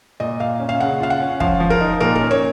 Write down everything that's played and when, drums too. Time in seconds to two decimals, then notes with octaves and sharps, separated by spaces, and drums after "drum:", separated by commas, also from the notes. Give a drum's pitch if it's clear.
0.20 A#2 D#5
0.40 A#2 F5
0.60 C#4
0.69 F5
0.80 C#3 F#5
1.00 F4 F5
1.10 F#5
1.20 C#4
1.40 F3 F5, drum: kick
1.60 F3
1.70 A#4
1.81 D#4
2.00 A#2 A#4
2.15 A#4
2.21 C#4
2.31 C#5